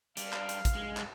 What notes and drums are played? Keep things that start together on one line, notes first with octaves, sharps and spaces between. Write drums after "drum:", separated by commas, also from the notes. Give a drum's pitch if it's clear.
G3 D4 F5, drum: hi-hat
drum: clap
drum: hi-hat
drum: kick, hi-hat
G#3
drum: clap